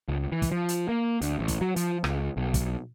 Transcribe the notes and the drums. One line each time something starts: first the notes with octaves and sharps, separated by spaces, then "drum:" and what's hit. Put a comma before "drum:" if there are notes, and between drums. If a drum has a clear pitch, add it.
C#2
E3
drum: kick, hi-hat
F3
drum: hi-hat
A#3
D2, drum: hi-hat
A1
drum: kick, hi-hat
F#3
F3, drum: hi-hat
C#2, drum: rim click
B1
drum: kick, hi-hat